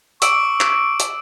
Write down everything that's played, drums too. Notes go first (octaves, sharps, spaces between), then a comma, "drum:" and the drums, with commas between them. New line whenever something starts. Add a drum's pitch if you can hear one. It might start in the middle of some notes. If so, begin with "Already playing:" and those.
C#6 D6 E6 D7, drum: hi-hat
drum: clap
drum: hi-hat